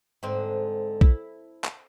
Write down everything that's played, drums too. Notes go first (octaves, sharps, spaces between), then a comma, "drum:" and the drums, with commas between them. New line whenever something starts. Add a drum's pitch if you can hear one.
G#2 D3 C4
E4, drum: kick A#1
drum: clap